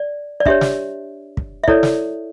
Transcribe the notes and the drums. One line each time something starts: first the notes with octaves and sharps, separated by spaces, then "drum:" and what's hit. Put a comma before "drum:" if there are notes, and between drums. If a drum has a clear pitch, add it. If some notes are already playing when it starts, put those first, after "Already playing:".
Already playing: D5
D5
D4 G4 C#5 E5, drum: kick
drum: snare
drum: kick
E5
E4 A4 C#5 D5, drum: kick
drum: snare